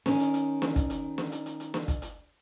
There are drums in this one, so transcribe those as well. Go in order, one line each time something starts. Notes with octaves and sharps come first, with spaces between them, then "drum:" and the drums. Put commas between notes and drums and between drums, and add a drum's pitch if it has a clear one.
D#3 C#4, drum: snare
drum: hi-hat
drum: hi-hat
drum: snare
drum: kick, hi-hat
drum: hi-hat
drum: snare
drum: hi-hat
drum: hi-hat
drum: hi-hat
drum: snare
drum: kick, hi-hat
drum: hi-hat